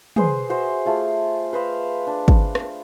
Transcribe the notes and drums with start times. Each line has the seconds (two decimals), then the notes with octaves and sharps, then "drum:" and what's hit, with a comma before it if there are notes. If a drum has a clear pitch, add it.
0.16 G#4 B4 C5, drum: tom
0.49 F#4 C5 E5
0.85 A3 F4 G#4
1.53 B4 C5 D#5 F5
2.07 D4
2.28 drum: kick
2.55 drum: rim click